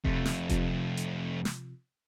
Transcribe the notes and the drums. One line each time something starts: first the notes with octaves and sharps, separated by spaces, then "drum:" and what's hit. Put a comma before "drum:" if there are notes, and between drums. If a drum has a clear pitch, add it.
F2 C3 A3, drum: kick E1
drum: snare
C3 F3, drum: kick E1, hi-hat
drum: hi-hat
drum: snare